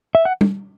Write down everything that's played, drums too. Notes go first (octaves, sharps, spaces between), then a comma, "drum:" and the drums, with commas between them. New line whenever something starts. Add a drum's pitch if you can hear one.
E5
F#5
drum: tom